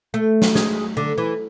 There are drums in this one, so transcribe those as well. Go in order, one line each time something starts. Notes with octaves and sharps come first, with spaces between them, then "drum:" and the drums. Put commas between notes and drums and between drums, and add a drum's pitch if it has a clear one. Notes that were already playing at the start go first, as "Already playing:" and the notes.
A3
drum: snare
G#3, drum: snare
D3
E3